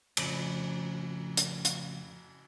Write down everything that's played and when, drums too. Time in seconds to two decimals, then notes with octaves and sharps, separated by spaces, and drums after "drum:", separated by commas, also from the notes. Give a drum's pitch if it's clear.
0.17 F2 A2 C#3 F3 D5 B5, drum: cymbal
1.37 drum: hi-hat
1.65 drum: hi-hat